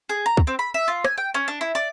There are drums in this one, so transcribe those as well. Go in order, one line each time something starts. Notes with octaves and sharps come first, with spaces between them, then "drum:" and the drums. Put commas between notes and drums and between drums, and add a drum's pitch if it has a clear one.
G#4
A#5
drum: kick
C4
B5
E5
F4
G#5, drum: rim click
G5
C#4
D4
E4
D5